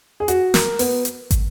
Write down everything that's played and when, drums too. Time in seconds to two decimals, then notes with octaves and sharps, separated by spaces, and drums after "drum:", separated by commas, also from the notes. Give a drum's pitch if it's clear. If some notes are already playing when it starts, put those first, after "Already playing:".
0.20 G#4
0.28 F#4, drum: hi-hat
0.54 A#4, drum: snare
0.79 B3, drum: open hi-hat
1.05 drum: hi-hat
1.31 drum: kick, hi-hat